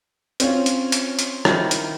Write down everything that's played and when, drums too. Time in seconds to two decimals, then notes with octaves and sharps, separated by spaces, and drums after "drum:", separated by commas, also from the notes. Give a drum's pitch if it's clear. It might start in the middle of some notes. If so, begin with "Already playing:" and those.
0.40 C4 C#4 F4, drum: hi-hat
0.66 drum: hi-hat
0.92 drum: hi-hat
1.19 drum: hi-hat
1.45 D#3 E4, drum: rim click
1.71 drum: hi-hat